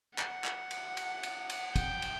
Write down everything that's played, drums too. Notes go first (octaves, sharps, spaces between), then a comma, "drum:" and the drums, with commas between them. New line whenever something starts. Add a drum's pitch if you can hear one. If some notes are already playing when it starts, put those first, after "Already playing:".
F#5, drum: clap
drum: clap
drum: cymbal
drum: cymbal
drum: cymbal
drum: cymbal
G5, drum: kick, cymbal
drum: cymbal